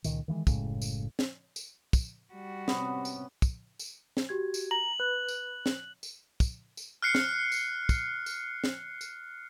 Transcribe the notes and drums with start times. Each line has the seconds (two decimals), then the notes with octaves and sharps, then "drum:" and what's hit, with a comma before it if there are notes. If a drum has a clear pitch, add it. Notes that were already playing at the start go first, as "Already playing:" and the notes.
0.04 C#2 A#2 D#3, drum: tambourine
0.28 D#3 E3 G3 G#3
0.47 F#1 A2 C#3 G#3, drum: kick, tambourine
0.82 drum: tambourine
1.19 drum: snare
1.56 drum: tambourine
1.93 drum: kick, tambourine
2.32 G3 F#4
2.68 C3 B3 C#4, drum: snare
3.05 drum: tambourine
3.42 drum: kick, tambourine
3.79 drum: tambourine
4.17 drum: snare
4.29 F#4 G4 G#6
4.54 drum: tambourine
4.71 A#5 F#7
5.00 B4 F#6
5.28 drum: tambourine
5.66 drum: snare
6.03 drum: tambourine
6.40 drum: kick, tambourine
6.77 drum: tambourine
7.02 F6 F#6 C7 C#7
7.15 drum: snare
7.52 drum: tambourine
7.89 drum: kick, tambourine
8.26 drum: tambourine
8.64 drum: snare
9.01 drum: tambourine